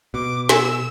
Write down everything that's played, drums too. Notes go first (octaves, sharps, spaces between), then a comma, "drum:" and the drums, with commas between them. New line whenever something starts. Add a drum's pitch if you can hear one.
B2 D6
G#5 E6, drum: snare